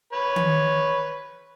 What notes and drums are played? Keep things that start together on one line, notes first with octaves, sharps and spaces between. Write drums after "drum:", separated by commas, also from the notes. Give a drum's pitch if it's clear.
B4 C#5
drum: tom D#3